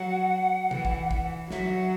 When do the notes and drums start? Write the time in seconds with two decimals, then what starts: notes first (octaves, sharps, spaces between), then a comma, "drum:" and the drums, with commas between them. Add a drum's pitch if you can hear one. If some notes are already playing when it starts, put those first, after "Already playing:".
Already playing: F#3 F#5
0.71 E3, drum: tom C3
0.85 drum: kick
1.11 E3, drum: kick
1.51 F#3 E5, drum: snare
1.70 F#5